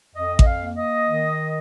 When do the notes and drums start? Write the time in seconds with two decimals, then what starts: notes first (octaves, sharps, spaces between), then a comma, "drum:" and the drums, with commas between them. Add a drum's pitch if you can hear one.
0.16 F2 D#5
0.39 D#5, drum: kick A1
0.46 F5
0.62 A#3
0.76 D#5
1.07 D#3